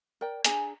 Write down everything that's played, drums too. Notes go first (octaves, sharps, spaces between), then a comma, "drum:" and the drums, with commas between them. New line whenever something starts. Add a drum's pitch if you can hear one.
A#4 D5 G5
D4 G#4 G#5 A#5, drum: hi-hat